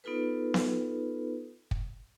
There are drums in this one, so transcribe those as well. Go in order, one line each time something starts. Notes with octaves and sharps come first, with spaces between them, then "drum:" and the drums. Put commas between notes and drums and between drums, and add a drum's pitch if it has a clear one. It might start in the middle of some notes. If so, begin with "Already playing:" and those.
B3 D#4 F4 A4 B4
drum: snare B3
drum: kick